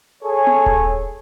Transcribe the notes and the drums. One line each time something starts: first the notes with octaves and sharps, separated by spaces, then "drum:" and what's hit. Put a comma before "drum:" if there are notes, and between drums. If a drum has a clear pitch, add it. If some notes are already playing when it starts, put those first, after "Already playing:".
G#4 A4 C#5
drum: tom B3
drum: kick D#1